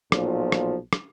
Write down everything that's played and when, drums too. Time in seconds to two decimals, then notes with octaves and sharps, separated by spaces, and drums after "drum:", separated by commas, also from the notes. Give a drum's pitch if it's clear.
0.12 B1 A#2 F3, drum: rim click
0.52 drum: rim click
0.93 drum: rim click